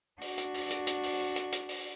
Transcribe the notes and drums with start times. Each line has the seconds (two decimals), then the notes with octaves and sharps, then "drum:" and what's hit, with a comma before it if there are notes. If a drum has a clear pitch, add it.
0.21 D4 F#4, drum: open hi-hat
0.38 drum: hi-hat
0.54 drum: open hi-hat
0.70 drum: hi-hat
0.87 drum: hi-hat
1.03 drum: open hi-hat
1.36 drum: hi-hat
1.52 drum: hi-hat
1.69 drum: open hi-hat